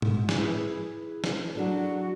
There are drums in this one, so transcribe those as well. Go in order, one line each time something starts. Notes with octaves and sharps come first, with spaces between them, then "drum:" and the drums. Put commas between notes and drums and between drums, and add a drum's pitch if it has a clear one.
G#2, drum: tom A2
drum: snare
E4 G#4 B4
drum: snare
F#3 D4 F#4 A4